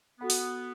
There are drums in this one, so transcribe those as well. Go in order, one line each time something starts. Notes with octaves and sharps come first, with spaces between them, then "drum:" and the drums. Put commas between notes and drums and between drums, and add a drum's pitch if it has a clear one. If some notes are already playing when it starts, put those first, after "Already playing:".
B3 F#4 A4 F#5 B5
drum: open hi-hat